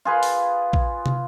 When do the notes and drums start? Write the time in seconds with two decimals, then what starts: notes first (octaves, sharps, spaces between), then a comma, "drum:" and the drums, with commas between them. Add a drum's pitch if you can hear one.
0.05 F4 G#4 B4
0.23 drum: open hi-hat
0.73 drum: kick A#1
1.06 drum: tom